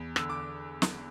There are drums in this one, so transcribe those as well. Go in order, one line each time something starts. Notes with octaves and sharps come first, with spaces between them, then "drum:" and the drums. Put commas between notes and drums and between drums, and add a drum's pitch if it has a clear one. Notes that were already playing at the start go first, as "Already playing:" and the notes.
Already playing: E2
D3 E6, drum: rim click
D6
drum: snare